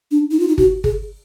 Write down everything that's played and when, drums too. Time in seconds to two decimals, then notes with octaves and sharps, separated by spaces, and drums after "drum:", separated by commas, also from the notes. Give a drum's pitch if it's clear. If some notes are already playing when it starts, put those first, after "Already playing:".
0.11 D4
0.31 D#4
0.40 F4
0.48 D#4
0.58 F#4, drum: kick G1
0.84 G#4, drum: kick G1